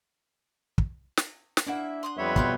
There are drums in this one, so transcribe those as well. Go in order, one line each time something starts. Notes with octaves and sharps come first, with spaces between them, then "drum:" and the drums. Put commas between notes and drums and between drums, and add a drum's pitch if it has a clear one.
drum: kick
drum: snare
drum: snare
A#3 D4 E4 E5 F#5
C6 D#6 F#6
F2 G3 B3 B4 C#5 E5
B2 F5 C6 G6, drum: kick